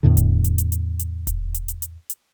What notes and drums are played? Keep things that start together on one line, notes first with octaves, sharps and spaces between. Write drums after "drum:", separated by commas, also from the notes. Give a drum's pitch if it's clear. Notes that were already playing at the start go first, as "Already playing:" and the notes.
E2 A2 D3
drum: kick D#1, hi-hat
drum: hi-hat
drum: hi-hat
drum: hi-hat
drum: hi-hat
drum: kick D#1, hi-hat
drum: hi-hat
drum: hi-hat
drum: hi-hat
drum: hi-hat